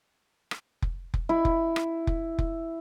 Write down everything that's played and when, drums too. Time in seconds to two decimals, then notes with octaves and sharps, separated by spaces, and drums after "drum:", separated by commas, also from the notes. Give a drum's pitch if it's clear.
0.51 drum: rim click
0.82 drum: kick F1
1.14 drum: kick F1
1.29 E4
1.45 drum: kick F1
1.76 drum: rim click
2.07 drum: kick F1
2.39 drum: kick F1